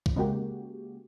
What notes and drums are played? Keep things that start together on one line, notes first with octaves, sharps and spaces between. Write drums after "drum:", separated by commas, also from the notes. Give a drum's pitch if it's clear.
drum: kick
C#3 G#3 A#3 F#4 G4